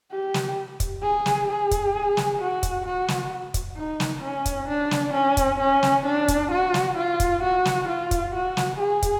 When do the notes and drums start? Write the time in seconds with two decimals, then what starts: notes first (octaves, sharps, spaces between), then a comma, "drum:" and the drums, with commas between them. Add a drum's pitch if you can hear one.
0.11 G4
0.34 drum: snare
0.80 drum: kick, hi-hat
1.03 G#4
1.26 drum: snare
1.48 G#4
1.71 drum: kick, hi-hat
2.17 drum: snare
2.39 F#4
2.63 drum: kick, hi-hat
2.86 F#4
3.08 drum: snare
3.54 drum: kick, hi-hat
3.77 D#4
4.00 drum: snare
4.23 C#4
4.46 drum: kick, hi-hat
4.68 D4
4.91 drum: snare
5.14 C#4
5.37 drum: kick, hi-hat
5.60 C#4
5.83 drum: snare
6.06 D4
6.28 drum: kick, hi-hat
6.52 F#4
6.74 drum: snare
6.97 F4
7.20 drum: kick, hi-hat
7.43 F#4
7.65 drum: snare
7.88 F4
8.11 drum: kick, hi-hat
8.35 F#4
8.57 drum: snare
8.79 G#4
9.02 drum: kick, hi-hat